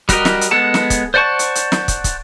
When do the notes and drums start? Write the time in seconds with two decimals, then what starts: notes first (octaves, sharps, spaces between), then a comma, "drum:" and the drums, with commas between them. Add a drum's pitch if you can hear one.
0.09 G3 F#4 G4 A#4 D#5, drum: kick, hi-hat
0.25 drum: snare
0.41 drum: hi-hat
0.51 G#3 B3 A4 F#5 A5
0.74 drum: snare
0.90 drum: kick, hi-hat
1.14 C5 D5 F#5 A5 C#6
1.39 drum: hi-hat
1.55 drum: hi-hat
1.72 drum: snare
1.88 drum: kick, hi-hat
2.04 drum: kick, hi-hat